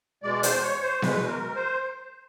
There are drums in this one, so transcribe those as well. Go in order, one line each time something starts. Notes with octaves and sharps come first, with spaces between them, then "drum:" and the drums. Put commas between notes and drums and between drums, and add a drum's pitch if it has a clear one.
E2 B2 G#3 D5
C5, drum: hi-hat
C#5
C5
E2 B2 G#3 B4, drum: snare B3
A#4
C5